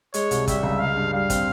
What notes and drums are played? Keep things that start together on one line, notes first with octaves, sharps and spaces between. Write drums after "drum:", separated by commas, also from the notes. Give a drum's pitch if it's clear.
G#3 C#5, drum: hi-hat
C2, drum: hi-hat
G3 E5, drum: kick, hi-hat
C#2
G#3 F5
G2
G3 F5
C4, drum: kick, hi-hat